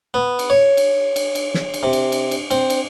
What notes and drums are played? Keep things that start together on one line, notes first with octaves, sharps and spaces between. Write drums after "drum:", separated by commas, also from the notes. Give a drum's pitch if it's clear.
B3
drum: cymbal
C#5
drum: cymbal
drum: cymbal
drum: cymbal
drum: snare
drum: cymbal
C3
drum: cymbal
drum: cymbal
drum: cymbal
C4, drum: cymbal
drum: cymbal